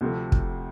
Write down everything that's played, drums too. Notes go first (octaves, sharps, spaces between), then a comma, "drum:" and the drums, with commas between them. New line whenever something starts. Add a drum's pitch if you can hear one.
D2 C3 F3 A3
drum: kick